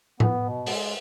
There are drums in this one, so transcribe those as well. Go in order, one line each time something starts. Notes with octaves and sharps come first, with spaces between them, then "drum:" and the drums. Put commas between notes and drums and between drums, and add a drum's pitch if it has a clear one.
B3, drum: tom A2
B2
G#3, drum: open hi-hat